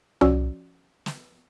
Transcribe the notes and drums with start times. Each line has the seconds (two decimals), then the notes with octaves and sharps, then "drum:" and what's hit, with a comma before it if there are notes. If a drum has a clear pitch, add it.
0.21 F3 C#4 F#4 D5 E6, drum: tom C2
1.06 drum: snare